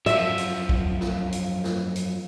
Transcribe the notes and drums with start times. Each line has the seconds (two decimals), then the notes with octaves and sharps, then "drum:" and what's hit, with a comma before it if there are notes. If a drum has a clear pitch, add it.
0.06 F#2 F3 E5, drum: hi-hat
0.38 drum: hi-hat
0.69 drum: kick
1.01 drum: snare
1.32 drum: hi-hat
1.64 drum: snare
1.96 drum: hi-hat